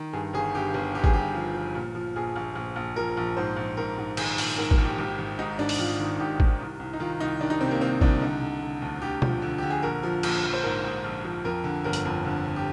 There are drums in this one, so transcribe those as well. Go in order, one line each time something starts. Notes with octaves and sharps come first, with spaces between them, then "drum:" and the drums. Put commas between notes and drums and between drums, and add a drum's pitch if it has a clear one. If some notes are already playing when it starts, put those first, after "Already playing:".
Already playing: D#3
G2 G#4
G1 G#4
G2 G4
G1
G2 G4
G#4, drum: kick
G1 G4
F3
F3
A#2
F3
A#1 G#4
A#1
A#1
A#1
F3 A#4
A#1
G#2 C5
A#1
G#2 A#4
G#2
D#3 G#4, drum: cymbal
A#1, drum: open hi-hat
G#2 A#4
A#4, drum: kick
A#1
G4
G#1 G4
G#1
G#2 D#4
G#1 D4
drum: open hi-hat
G#1 F4
D#3
G#2 G4
D#3, drum: kick
C2
C2
D#4
D#3 F4
C2 D#4
D#3 D4
D#4
C3 C4
A#3
C2 C4
C2 D4, drum: kick
D3 D#4
D3
D3
D2
D2 G4
F3, drum: tom B2
D3
D3 G4
G#4
A#1 A#4
F3
A#1, drum: cymbal
A#1
C5
G#2 A#4
G#2
A#1
F3
F2 A#4
D3
G1 A#4
drum: hi-hat
F2
D3
D3
G4